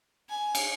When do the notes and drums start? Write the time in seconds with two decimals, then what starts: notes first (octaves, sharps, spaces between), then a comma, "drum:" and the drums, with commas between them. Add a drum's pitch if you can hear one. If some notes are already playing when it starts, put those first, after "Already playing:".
0.29 G#5
0.55 drum: cymbal